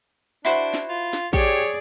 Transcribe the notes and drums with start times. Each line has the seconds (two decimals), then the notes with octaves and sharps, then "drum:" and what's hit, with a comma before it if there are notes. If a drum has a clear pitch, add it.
0.45 D4 E4 F#4 C5
0.54 drum: hi-hat
0.74 drum: snare
0.89 F4
1.13 drum: snare
1.33 G4 G#4 C#5 D5, drum: kick, open hi-hat
1.53 drum: hi-hat